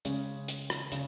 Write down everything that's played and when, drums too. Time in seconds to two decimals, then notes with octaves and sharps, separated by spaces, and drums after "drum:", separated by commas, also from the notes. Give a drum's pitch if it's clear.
0.05 C#3 G#3 C#4, drum: hi-hat
0.48 drum: hi-hat
0.70 drum: rim click
0.92 C#3, drum: hi-hat